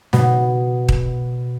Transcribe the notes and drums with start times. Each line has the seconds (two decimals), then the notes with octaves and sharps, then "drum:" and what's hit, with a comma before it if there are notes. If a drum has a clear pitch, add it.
0.13 B2, drum: snare
0.89 drum: kick D#1